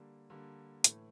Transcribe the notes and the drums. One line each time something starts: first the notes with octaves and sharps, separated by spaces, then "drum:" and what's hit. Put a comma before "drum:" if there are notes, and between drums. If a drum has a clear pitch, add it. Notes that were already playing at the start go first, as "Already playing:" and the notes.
Already playing: D3 G3 A#3
D3 G3 A#3
A2 E3 A3, drum: hi-hat